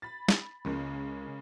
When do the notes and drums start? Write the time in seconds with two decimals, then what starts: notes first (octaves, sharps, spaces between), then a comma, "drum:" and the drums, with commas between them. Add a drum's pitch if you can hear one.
0.02 B5 A6
0.28 drum: snare
0.65 C#2 C#3 G#3 A#3